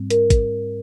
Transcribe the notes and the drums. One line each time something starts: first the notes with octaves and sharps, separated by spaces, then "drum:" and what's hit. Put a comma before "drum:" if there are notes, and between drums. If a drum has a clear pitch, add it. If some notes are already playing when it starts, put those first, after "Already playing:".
Already playing: G#2 G3 C4
A#4, drum: hi-hat
drum: kick G#1, hi-hat